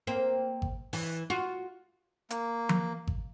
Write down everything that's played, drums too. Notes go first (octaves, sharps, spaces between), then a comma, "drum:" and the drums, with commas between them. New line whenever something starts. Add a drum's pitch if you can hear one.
A#3 C4
drum: kick G#1
E3, drum: open hi-hat
F4 F#4
A#3, drum: hi-hat
drum: tom F3
drum: kick G#1